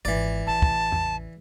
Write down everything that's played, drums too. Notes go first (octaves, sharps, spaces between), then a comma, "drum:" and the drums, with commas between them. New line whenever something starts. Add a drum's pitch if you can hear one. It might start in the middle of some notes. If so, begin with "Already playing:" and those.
G#1 E3 F4 D5
A1 A5
drum: kick
drum: tom E2